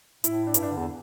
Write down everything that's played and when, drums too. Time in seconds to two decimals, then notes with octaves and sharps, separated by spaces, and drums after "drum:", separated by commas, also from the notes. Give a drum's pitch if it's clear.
0.24 A2 E4, drum: hi-hat
0.47 D4
0.54 G2 E4, drum: hi-hat
0.62 D4
0.70 D3
0.77 E2